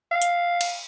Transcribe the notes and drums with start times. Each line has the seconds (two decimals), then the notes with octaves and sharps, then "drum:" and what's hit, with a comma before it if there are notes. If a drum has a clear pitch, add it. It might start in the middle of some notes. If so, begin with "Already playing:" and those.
0.11 F5
0.22 drum: hi-hat
0.61 drum: cymbal